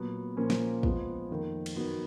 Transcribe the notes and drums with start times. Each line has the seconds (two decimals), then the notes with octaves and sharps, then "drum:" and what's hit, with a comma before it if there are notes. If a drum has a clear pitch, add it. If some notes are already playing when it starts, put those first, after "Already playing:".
Already playing: A#2 F#3 B3
0.37 A#2 F3 A#3 C#4
0.50 drum: snare
0.83 F3 G#3 B3 F4, drum: kick
1.30 F2 D#3 A#3
1.66 drum: cymbal
1.76 F#2 D#3 F#3 B3 F#4